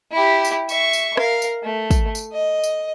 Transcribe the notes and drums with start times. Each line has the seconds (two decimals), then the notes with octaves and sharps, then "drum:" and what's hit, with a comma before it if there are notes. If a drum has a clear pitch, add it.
0.12 E4 G4
0.45 drum: tambourine
0.69 E5 C#6, drum: tambourine
0.93 drum: tambourine
1.17 A#4 F5, drum: rim click
1.42 drum: tambourine
1.63 A3
1.91 drum: kick, tambourine
2.15 drum: tambourine
2.33 D#5
2.64 drum: tambourine